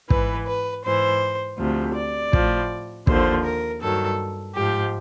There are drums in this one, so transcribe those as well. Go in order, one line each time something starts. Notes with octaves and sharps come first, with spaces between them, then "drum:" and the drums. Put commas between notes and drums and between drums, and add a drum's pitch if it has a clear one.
G#2 E3 B4, drum: kick
B4
G#2 E3 C5
D2 C3 F3
D5
A2 F3, drum: kick
D#2 D3 F3 C5, drum: kick
A#4
G2 D#3 F#3 A4
G#2 F3 G4